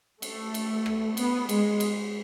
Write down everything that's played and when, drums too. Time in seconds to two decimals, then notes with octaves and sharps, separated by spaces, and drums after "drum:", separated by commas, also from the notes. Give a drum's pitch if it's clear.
0.22 A3, drum: cymbal
0.54 drum: cymbal
0.86 drum: rim click
1.17 B3, drum: cymbal
1.49 G#3, drum: cymbal
1.80 drum: cymbal